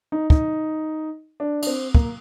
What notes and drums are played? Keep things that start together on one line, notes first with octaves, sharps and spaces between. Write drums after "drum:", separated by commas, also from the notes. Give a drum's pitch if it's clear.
D#4
D#4, drum: kick
D4
D4, drum: cymbal
C4
A#3, drum: kick